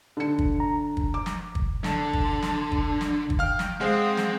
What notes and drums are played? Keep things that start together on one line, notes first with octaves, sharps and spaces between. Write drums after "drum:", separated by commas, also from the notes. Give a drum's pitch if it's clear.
D3 C#7
drum: kick
A#5
drum: kick
D6
drum: snare
drum: kick
D3 A5, drum: snare
drum: kick
drum: snare
drum: kick
drum: snare
drum: kick
F5 G5 F6
drum: snare
G#3 C4 C5 F5 F#5 D#6
drum: snare